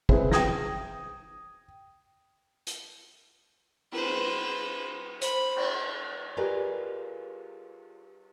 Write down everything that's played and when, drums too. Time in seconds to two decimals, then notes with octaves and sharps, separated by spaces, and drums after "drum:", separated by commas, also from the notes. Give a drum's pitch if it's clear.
0.09 G#3 C4 E4 G#4 B4, drum: kick
0.32 G5 D#6 G#6 A#6, drum: snare
2.67 drum: hi-hat
3.92 B4 C5, drum: cymbal
5.21 C5 B5, drum: hi-hat
5.56 drum: cymbal
6.37 F4 G4 G#4 A#4 B4 D5